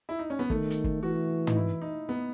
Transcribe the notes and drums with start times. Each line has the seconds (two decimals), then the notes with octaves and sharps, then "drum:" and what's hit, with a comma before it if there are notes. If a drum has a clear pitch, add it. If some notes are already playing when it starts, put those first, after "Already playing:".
0.09 E4
0.19 D#4
0.30 C#4
0.39 B3
0.50 D#3 A3, drum: kick
0.70 drum: hi-hat
0.84 drum: kick
1.03 E3 F#4
1.47 D#4, drum: tom
1.56 E4
1.82 D#4
2.09 B3